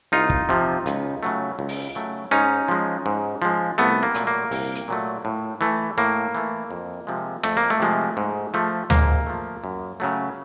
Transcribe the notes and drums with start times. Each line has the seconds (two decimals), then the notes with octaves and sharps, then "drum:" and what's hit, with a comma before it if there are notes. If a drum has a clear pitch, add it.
0.12 C2 D#4 F4
0.30 drum: kick
0.49 C3 F3
0.86 C#2, drum: hi-hat
1.23 C#3 F#3 A3
1.59 C#2
1.69 drum: open hi-hat
1.95 C#3 F#3 A3
2.31 G#2 C#4 D#4
2.68 F3 G#3
3.06 G#2
3.42 F3 G#3
3.78 C2 A3 B3
4.03 A#3
4.14 A#2 F#3 A3, drum: hi-hat
4.27 A#3
4.51 C2, drum: open hi-hat
4.75 drum: hi-hat
4.88 A#2 F#3 A3
5.25 A2
5.61 E3 A3
5.98 A2 A#3
6.35 E3 A3
6.71 F2
7.07 C3 F3 G#3
7.43 F2 A3, drum: rim click
7.57 A#3
7.70 A3
7.80 C3 F3 G#3
8.17 G#2
8.54 F3 A3
8.90 G#2 A#3, drum: tom D2
9.27 F3 A3
9.64 F#2
10.00 C#3 F#3 A3